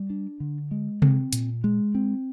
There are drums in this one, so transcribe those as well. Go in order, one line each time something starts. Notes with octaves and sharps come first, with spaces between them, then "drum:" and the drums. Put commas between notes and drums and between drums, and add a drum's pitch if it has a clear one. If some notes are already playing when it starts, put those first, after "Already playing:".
Already playing: G3
D4
D3
G#3
C4, drum: tom C3
A#2, drum: hi-hat
G#3
C4